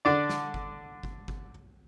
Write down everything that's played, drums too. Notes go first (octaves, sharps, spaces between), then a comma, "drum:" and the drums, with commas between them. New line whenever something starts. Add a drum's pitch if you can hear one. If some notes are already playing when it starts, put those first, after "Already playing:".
D3 D4 D5
drum: snare
drum: kick G1
drum: kick G1
drum: kick G1